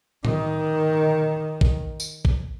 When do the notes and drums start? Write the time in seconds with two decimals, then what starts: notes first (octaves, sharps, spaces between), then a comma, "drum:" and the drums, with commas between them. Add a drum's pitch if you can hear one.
0.25 D#3, drum: tom A2
1.61 drum: kick
2.00 drum: tambourine
2.25 drum: kick